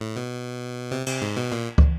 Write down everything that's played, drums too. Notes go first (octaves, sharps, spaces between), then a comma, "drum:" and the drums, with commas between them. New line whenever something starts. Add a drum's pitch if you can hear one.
A2
B2
C3
C3, drum: cymbal
G#2
B2
A#2
drum: kick